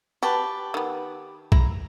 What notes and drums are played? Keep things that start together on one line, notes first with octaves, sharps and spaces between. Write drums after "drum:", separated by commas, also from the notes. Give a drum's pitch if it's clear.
F#4 G4 B4 A5
D#3 B3
E4 A#5, drum: kick B1